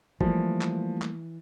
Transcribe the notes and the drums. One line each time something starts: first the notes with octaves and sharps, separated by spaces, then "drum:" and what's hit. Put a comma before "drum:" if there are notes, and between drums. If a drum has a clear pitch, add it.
E3 F3 G3 A3 A#3, drum: kick
drum: clap
drum: clap